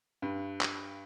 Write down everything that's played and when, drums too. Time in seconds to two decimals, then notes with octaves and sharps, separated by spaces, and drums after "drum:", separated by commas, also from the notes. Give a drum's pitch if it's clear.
0.22 G2
0.61 drum: clap